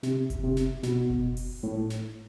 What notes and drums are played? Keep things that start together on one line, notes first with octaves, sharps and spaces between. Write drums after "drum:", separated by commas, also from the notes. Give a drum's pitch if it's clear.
C3, drum: snare
drum: kick F#1, hi-hat
C3
drum: snare
B2, drum: snare
drum: kick F#1
drum: open hi-hat
A2
drum: snare